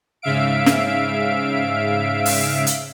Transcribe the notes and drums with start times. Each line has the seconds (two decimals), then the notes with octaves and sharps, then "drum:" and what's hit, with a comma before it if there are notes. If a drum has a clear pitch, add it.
0.22 G#2 C#3 E5 F5 D7
0.66 drum: snare
2.26 drum: open hi-hat
2.67 drum: hi-hat